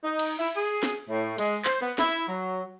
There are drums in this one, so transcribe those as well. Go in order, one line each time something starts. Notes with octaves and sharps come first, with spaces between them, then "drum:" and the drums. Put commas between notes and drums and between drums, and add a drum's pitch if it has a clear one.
D#4
drum: cymbal
E4
G#4
drum: snare
A2
G#3, drum: cymbal
C5, drum: clap
B3
E4, drum: snare
F#3